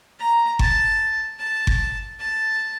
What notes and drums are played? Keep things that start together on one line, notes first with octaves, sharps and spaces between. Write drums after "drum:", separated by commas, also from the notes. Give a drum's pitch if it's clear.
A#5
A5, drum: kick G1
A5
drum: kick G1
A5